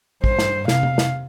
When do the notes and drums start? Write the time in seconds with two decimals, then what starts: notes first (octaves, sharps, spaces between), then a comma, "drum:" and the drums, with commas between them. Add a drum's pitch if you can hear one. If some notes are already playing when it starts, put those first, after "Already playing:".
0.24 G2 C5, drum: kick
0.39 drum: snare
0.68 C3 F5, drum: snare
0.83 drum: tom C3
0.98 drum: snare